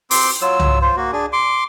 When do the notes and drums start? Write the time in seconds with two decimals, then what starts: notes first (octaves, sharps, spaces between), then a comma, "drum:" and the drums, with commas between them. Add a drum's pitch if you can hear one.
0.11 C4 C6 D6, drum: open hi-hat
0.42 F#3 F4 E6
0.59 drum: tom C2
0.82 F4 C5
0.97 A#3 F#4
1.13 D4 G#4
1.33 C6 D6